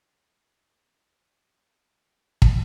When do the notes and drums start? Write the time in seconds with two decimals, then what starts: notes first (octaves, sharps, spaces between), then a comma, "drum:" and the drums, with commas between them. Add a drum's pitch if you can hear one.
0.02 C#4 E4
2.42 drum: kick